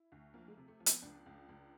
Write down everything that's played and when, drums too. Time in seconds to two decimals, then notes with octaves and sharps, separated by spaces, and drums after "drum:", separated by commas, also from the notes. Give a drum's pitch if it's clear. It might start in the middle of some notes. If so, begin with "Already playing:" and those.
Already playing: E4
0.12 D2
0.34 F3 A#3
0.48 G#3
0.52 A3
0.57 C3
0.68 A3
0.80 F3
0.86 B3, drum: hi-hat
1.02 C#2 D4
1.26 C#2
1.49 C#2